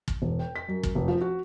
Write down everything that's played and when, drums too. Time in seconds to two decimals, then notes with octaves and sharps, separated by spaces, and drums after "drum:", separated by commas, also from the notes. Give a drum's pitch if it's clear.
0.08 drum: kick
0.22 E1
0.39 G5
0.56 B6
0.68 F#2
0.83 drum: kick
0.95 F1
1.08 F3
1.21 F#4